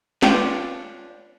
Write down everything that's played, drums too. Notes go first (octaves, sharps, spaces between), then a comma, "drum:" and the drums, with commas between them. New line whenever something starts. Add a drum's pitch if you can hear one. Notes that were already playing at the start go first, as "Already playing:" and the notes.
C#4 D4 F4 B4 G5, drum: snare